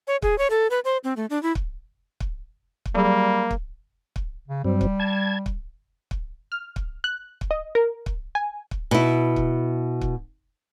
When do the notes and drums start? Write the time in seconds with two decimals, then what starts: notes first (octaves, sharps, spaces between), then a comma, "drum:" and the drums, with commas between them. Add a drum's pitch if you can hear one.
0.07 C#5
0.22 G#4, drum: kick
0.38 C#5
0.50 A4
0.70 B4
0.85 C5
1.04 C4
1.17 A3
1.30 D4
1.43 E4
1.55 drum: kick
2.20 drum: kick
2.85 drum: kick
2.95 F#3 G3 A#3 G#4
3.51 drum: kick
4.16 drum: kick
4.48 C#3
4.64 G2 F#3 G3 C4
4.81 drum: kick
5.00 A5 G#6
5.46 drum: kick
6.11 drum: kick
6.52 F6
6.76 drum: kick
7.04 F#6
7.41 drum: kick
7.51 D#5
7.75 A#4
8.06 drum: kick
8.35 G#5
8.71 drum: kick
8.91 B2 E4
9.36 drum: kick
10.01 drum: kick